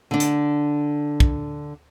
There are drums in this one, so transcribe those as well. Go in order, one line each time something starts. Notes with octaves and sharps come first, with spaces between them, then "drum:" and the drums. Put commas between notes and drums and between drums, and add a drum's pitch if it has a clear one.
D3 D4
drum: hi-hat
drum: kick